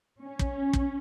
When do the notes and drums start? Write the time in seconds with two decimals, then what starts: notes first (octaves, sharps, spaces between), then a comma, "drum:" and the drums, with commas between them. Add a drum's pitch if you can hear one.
0.22 C#4
0.39 drum: kick
0.73 drum: kick